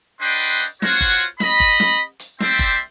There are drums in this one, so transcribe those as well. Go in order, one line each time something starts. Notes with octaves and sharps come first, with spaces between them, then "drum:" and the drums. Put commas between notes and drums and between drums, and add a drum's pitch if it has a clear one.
D4 B4 D#5 F#5 G5 C6
drum: hi-hat
F4 F#4 C5 C#5 F#5, drum: snare
drum: kick G1, hi-hat
D#5 B5, drum: snare
drum: kick G1
drum: snare
drum: hi-hat
G3 C4 D5 E5 G5 C6, drum: snare
drum: kick G1, hi-hat